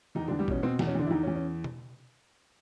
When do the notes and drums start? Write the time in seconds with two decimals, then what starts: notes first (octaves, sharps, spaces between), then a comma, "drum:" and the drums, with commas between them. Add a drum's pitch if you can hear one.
0.15 E2 D#3 D#4
0.28 E2 D3 D4
0.39 G3 G4
0.48 B2 C#4, drum: kick
0.63 B2 C4
0.79 E2, drum: snare
0.87 C#4
0.95 E2 D3 D4
1.07 E4
1.11 E2 D#3 D#4
1.23 C#4
1.27 E2
1.36 C#4
1.64 drum: tom B2